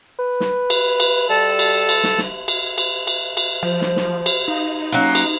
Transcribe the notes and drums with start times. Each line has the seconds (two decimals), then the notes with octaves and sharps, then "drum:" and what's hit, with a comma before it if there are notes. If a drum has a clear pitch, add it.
0.19 B4
0.40 drum: snare
0.70 drum: cymbal
1.00 drum: cymbal
1.29 G3 A4 A5
1.59 drum: cymbal
1.89 drum: cymbal
2.04 drum: snare
2.18 drum: snare
2.48 drum: cymbal
2.78 drum: cymbal
3.07 drum: cymbal
3.37 drum: cymbal
3.63 F3 C5
3.81 drum: snare
3.96 drum: snare
4.26 drum: cymbal
4.48 D#4 F5
4.92 F#3 A#3 C#4
5.15 drum: cymbal